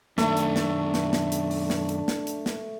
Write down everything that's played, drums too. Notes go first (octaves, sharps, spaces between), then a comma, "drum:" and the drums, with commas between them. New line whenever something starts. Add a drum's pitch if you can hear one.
F#2 D#3 A3 D4, drum: snare
drum: hi-hat
drum: snare
drum: snare
drum: snare
drum: hi-hat
drum: open hi-hat
drum: snare
drum: hi-hat
drum: snare
drum: hi-hat
drum: snare